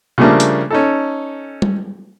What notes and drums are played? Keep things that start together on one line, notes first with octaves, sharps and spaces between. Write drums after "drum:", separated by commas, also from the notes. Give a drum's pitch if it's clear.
C#3 F3 G3 A3 A#3 D4
drum: hi-hat
C#4 D#4 A4
drum: tom G3